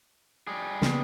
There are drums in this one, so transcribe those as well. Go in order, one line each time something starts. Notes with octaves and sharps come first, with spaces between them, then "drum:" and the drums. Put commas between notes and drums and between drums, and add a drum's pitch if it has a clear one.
G3 G#4
C#3 A#3 B3, drum: snare